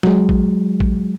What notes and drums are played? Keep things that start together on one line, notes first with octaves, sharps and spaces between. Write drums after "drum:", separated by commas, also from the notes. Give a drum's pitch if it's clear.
F#3 G#3, drum: snare
drum: kick
drum: kick